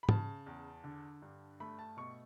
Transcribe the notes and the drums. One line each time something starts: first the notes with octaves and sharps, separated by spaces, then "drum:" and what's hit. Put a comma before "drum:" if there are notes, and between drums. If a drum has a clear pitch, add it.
B5
C#3 A5, drum: tom
E2
D3
G2
A3 B5
A5
B2 C#6